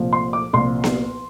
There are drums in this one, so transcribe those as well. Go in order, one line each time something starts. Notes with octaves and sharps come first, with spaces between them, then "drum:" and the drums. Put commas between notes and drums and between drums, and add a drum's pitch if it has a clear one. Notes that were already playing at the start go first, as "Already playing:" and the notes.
Already playing: C2 A#2 F3
C6
D6
C2 A#2 F3 C6
drum: snare B3